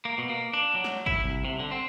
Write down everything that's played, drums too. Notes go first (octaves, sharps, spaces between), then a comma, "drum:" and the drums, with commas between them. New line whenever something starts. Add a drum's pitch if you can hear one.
A#3
B2
A#3
D4
F#3
drum: snare
E4, drum: kick G#1
C2
C3
D3
C4